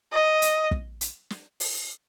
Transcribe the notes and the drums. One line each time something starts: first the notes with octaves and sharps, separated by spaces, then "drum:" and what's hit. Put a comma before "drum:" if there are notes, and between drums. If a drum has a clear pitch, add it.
D#5
drum: hi-hat
drum: kick
drum: hi-hat
drum: snare
drum: open hi-hat